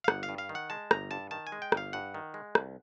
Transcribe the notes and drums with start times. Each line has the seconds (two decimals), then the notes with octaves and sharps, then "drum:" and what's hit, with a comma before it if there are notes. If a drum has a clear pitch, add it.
0.04 F5
0.08 G1 F#5, drum: rim click
0.23 F5
0.29 G2
0.38 F5
0.49 D#3
0.55 F#5
0.70 G#3 A5
0.91 G1 A#5, drum: rim click
1.11 G2 A5
1.31 D#3 A5
1.47 G#5
1.52 G#3
1.62 G5
1.72 G1, drum: rim click
1.77 F5
1.93 G2 F#5
2.14 D#3
2.34 G#3
2.55 C2, drum: rim click